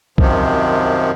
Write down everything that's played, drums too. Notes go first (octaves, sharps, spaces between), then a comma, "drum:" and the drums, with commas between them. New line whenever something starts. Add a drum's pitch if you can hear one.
F#2 C3 D#3 F3, drum: kick B1